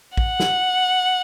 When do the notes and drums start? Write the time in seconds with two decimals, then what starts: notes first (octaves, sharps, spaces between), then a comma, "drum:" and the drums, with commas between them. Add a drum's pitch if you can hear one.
0.17 F#5, drum: kick
0.40 drum: snare